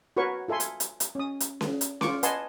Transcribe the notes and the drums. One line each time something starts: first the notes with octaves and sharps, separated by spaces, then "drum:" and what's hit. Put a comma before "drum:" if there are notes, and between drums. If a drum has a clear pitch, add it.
F#4 A#4 B4 C#5 C#6
F4 A4 E5 G#5 C6
drum: hi-hat
drum: hi-hat
drum: hi-hat
C#4 D#6
drum: hi-hat
drum: snare C#4
drum: hi-hat
F4 C#6 D6, drum: snare C#4
B4 D#5 F#5 G#5 A5 C6, drum: hi-hat